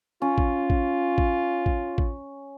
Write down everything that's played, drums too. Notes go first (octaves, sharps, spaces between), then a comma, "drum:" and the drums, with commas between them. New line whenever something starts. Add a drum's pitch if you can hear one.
C#4 F4
drum: kick A1
drum: kick A1
drum: kick A1
drum: kick A1
drum: kick A1